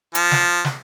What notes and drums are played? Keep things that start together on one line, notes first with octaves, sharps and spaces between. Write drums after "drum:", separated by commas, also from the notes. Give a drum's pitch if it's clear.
F3, drum: hi-hat
drum: snare
drum: snare